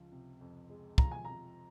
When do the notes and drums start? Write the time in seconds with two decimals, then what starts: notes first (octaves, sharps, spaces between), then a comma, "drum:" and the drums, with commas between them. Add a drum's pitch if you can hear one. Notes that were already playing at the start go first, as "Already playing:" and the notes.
Already playing: C#2 F3
0.12 C3
0.41 F2
0.70 G#3
0.98 F3 A#5, drum: kick
1.11 G#5
1.25 C3 A#5